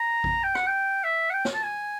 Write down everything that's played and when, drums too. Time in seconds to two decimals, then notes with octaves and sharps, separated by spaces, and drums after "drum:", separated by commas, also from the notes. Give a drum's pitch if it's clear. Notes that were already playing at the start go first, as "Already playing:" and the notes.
Already playing: A#5
0.24 drum: kick G#1
0.44 G5
0.55 F#5, drum: rim click
0.67 G5
1.04 E5
1.30 F#5
1.34 G5
1.45 drum: snare
1.54 A5
1.64 G#5